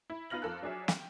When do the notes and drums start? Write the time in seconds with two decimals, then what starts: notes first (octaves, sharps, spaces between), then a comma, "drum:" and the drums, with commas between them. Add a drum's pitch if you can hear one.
0.10 E4
0.30 B3 D#4 F4 F6 A#6 F#7
0.42 F2 F4 A4 A#4 F#6
0.62 F#3 D4 F#4 G#4 C#5 E5
0.88 G5, drum: snare